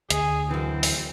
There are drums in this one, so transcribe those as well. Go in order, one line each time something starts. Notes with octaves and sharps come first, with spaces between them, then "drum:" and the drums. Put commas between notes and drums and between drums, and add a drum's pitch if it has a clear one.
D2 G#4, drum: hi-hat
F#2 E3 C4
drum: open hi-hat